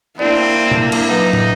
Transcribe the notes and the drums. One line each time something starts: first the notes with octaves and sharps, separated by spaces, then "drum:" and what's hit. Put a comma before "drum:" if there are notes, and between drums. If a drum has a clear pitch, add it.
A#3 C4 D4 E4 D5
drum: tom
drum: cymbal
F#3 D#4 B4
drum: tom